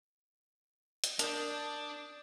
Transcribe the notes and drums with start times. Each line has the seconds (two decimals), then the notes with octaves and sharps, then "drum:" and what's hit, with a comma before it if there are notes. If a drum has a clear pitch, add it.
1.04 drum: hi-hat
1.19 D4 A#4 D5 A5 D#6 G6, drum: hi-hat